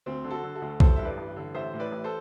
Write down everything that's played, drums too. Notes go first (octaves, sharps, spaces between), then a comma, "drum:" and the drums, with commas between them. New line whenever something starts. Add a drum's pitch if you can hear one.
D2 C4
D3
F#4 A4
D3
F#4 A4
D2
A1 A4 C5, drum: kick B1
G2 E5
B4 D5
A1
D3
A1 C5 E5
A2
B4 D5
A1
A4 C5